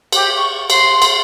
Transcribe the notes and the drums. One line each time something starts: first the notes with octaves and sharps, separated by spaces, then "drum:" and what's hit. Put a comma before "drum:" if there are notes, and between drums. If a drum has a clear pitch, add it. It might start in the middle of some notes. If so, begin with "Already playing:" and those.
G4, drum: cymbal
C#6
C6, drum: cymbal
drum: cymbal